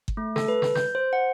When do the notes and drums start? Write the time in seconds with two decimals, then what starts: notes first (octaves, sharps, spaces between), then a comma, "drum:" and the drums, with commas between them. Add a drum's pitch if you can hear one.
0.08 drum: kick G1
0.17 A3
0.36 A4, drum: snare
0.48 B4
0.62 drum: snare
0.75 G6, drum: snare
0.95 C5
1.13 F#5